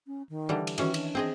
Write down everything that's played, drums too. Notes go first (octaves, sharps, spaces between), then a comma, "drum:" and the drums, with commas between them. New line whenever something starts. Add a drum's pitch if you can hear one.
C#4
D#3
D3 E3 G3
drum: cymbal
D#3 E3 C#4 F#4, drum: cymbal
D4, drum: cymbal
C4 G#4 D#5